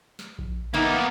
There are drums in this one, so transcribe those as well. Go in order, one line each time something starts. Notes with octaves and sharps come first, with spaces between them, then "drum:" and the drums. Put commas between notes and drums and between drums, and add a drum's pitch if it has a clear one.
drum: snare
drum: kick A#1
E3 A#3 B3 D#4